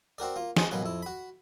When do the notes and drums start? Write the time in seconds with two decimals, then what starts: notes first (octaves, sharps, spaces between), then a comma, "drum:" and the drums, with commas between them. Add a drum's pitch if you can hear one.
0.18 C4 F#4 A#4 D5
0.36 A#3 F4
0.57 G#4 C5 D#5, drum: snare
0.71 A1 B2 F#3 A#3 B4
0.83 F2 E4
1.02 F#4 B5